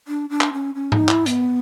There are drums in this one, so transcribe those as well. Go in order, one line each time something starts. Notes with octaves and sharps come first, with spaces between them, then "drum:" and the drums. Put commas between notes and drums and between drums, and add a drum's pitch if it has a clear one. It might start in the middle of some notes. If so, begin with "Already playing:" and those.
D4
D4
drum: clap
C#4
C#4
D#4, drum: tom G#2
E4, drum: clap
B3, drum: hi-hat